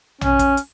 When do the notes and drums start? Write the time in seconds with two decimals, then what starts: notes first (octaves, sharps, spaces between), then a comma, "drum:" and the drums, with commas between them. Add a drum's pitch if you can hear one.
0.21 C#4, drum: tom A#1
0.39 drum: kick, hi-hat
0.57 drum: hi-hat